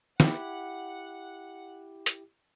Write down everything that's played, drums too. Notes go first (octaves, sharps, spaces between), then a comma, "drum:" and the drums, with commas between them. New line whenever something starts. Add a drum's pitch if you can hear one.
E4 G4 F#5, drum: snare
drum: hi-hat